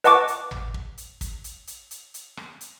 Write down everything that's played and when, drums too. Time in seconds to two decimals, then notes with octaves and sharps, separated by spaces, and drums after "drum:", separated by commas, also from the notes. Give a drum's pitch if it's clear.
0.04 B4 D#5 F#5 A5 C#6 D6, drum: hi-hat
0.28 drum: hi-hat
0.51 drum: tom G#1
0.74 drum: kick
0.98 drum: hi-hat
1.21 drum: kick, hi-hat
1.44 drum: hi-hat
1.67 drum: hi-hat
1.91 drum: hi-hat
2.14 drum: hi-hat
2.37 drum: rim click
2.61 drum: hi-hat